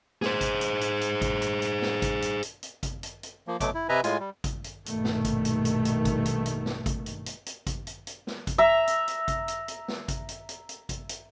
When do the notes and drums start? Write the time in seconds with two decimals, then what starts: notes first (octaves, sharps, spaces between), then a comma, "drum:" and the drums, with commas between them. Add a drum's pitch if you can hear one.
0.22 G#4 C5, drum: snare
0.41 drum: kick G#1, hi-hat
0.61 drum: hi-hat
0.81 drum: hi-hat
1.01 drum: hi-hat
1.22 drum: kick G#1, hi-hat
1.42 drum: hi-hat
1.62 drum: hi-hat
1.82 drum: snare
2.02 drum: kick G#1, hi-hat
2.22 drum: hi-hat
2.42 drum: hi-hat
2.63 drum: hi-hat
2.83 drum: kick G#1, hi-hat
3.03 drum: hi-hat
3.23 drum: hi-hat
3.47 F3 A#3
3.60 B2 F#3 A3 D6, drum: kick G#1, hi-hat
3.75 E4
3.89 C3 B4 D#5 E5 G#5 A#5
4.04 A2 G#3 F4 G#5, drum: hi-hat
4.20 G3
4.44 drum: kick G#1, hi-hat
4.64 drum: hi-hat
4.86 A#1 G2 B2 D#3 A3, drum: hi-hat
5.05 drum: snare
5.25 drum: kick G#1, hi-hat
5.45 drum: hi-hat
5.65 drum: hi-hat
5.85 drum: hi-hat
6.05 drum: kick G#1, hi-hat
6.25 drum: hi-hat
6.46 drum: hi-hat
6.66 drum: snare
6.86 drum: kick G#1, hi-hat
7.06 drum: hi-hat
7.26 drum: hi-hat
7.46 drum: hi-hat
7.67 drum: kick G#1, hi-hat
7.87 drum: hi-hat
8.07 drum: hi-hat
8.27 drum: snare
8.47 drum: kick G#1, hi-hat
8.58 E5 A#5
8.87 drum: hi-hat
9.08 drum: hi-hat
9.28 drum: kick G#1, hi-hat
9.48 drum: hi-hat
9.68 drum: hi-hat
9.88 drum: snare
10.08 drum: kick G#1, hi-hat
10.29 drum: hi-hat
10.49 drum: hi-hat
10.69 drum: hi-hat
10.89 drum: kick G#1, hi-hat
11.09 drum: hi-hat